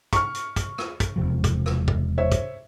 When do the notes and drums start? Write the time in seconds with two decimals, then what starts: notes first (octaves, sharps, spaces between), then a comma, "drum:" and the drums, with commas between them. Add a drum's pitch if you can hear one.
0.13 C#6 F6, drum: kick, hi-hat
0.35 drum: hi-hat
0.56 drum: kick, hi-hat
0.78 drum: rim click
1.00 drum: kick, hi-hat
1.16 E1 C3 F3
1.44 drum: kick, hi-hat
1.66 drum: rim click
1.88 drum: kick
2.18 C5 C#5 E5
2.32 drum: kick, hi-hat